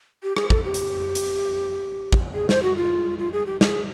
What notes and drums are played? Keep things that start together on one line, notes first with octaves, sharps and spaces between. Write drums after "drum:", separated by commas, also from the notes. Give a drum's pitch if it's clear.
G4
G#4, drum: rim click
A4, drum: kick
G4
drum: hi-hat
drum: hi-hat
drum: kick
G#4
C5, drum: snare
F#4
F4
F4
G#4
G4
G#4, drum: snare